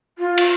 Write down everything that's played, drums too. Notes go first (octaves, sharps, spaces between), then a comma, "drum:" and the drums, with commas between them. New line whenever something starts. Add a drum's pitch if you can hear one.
F4
drum: cymbal